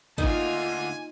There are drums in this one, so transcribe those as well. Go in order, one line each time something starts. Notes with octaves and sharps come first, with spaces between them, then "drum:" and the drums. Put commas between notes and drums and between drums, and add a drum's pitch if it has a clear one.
D3 A3 A#3 D#4 F4 G#5, drum: kick